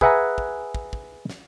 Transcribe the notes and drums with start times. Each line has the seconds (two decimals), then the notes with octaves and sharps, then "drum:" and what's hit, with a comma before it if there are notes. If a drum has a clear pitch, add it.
0.01 G#4 B4 E5 F#5 G#5 A#5, drum: kick
0.38 drum: kick
0.75 drum: kick
0.93 drum: kick
1.30 drum: snare